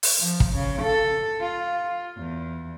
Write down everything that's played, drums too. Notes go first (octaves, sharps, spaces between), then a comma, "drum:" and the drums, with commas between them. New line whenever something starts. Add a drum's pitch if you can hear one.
drum: open hi-hat
F3
drum: kick
C#3
A4
F4
E2